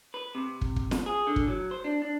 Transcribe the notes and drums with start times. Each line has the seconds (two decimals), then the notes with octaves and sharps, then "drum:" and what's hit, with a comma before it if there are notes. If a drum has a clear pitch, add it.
0.14 B4
0.35 C3
0.61 drum: kick
0.76 drum: kick
0.91 drum: snare
1.06 G#4
1.27 D3
1.36 drum: kick
1.48 F#3
1.71 C5
1.84 D4
2.02 D4